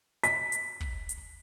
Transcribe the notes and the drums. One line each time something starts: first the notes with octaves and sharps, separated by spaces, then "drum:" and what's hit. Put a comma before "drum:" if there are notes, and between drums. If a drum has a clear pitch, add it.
B6, drum: hi-hat
drum: hi-hat
drum: kick
drum: hi-hat